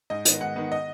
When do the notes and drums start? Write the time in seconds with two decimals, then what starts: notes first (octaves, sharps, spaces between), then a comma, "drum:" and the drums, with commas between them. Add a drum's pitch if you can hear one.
0.10 G#2 D#5
0.25 D#3 B3, drum: hi-hat
0.41 G#2 F#5
0.56 D#3 B3
0.72 D#5